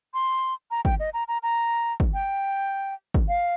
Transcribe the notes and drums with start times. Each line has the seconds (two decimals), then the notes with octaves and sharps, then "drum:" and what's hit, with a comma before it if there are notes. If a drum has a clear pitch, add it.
0.14 C6
0.71 A#5
0.85 G5, drum: kick
1.00 D#5
1.14 A#5
1.28 A#5
1.43 A#5
2.00 drum: kick
2.14 G5
3.14 drum: kick
3.28 F5